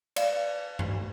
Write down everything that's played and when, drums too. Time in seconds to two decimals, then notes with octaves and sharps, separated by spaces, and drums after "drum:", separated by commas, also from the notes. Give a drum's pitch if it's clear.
0.16 D5 F5, drum: cymbal
0.79 drum: tom G2